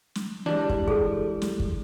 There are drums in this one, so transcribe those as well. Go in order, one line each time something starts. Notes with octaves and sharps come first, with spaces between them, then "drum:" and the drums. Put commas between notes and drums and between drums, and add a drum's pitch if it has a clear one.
drum: snare
E3 G3 G#3 D4
drum: kick
G#4 A4, drum: kick
drum: snare
drum: kick